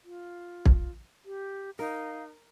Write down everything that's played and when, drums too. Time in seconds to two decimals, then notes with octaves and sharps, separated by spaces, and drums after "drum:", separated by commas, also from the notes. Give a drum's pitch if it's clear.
0.04 F4
0.65 drum: kick
1.25 G4
1.79 D#4 A#4 F5